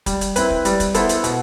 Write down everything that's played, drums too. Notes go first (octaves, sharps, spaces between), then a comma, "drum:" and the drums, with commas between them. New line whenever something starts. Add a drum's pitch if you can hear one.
G3, drum: kick, hi-hat
drum: hi-hat
C4 E4 B4, drum: hi-hat
drum: kick
G3, drum: hi-hat
drum: kick, hi-hat
B3 E4 A4 C5, drum: hi-hat
drum: hi-hat
B2, drum: hi-hat